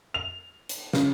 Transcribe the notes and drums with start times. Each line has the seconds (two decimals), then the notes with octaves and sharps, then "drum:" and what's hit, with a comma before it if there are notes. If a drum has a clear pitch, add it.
0.14 F7
0.69 drum: hi-hat
0.93 C#3, drum: snare